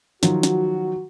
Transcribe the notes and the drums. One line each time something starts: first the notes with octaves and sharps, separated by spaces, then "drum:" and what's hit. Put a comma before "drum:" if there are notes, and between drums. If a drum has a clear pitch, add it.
D#3 F3 F#3 F#4, drum: snare
drum: snare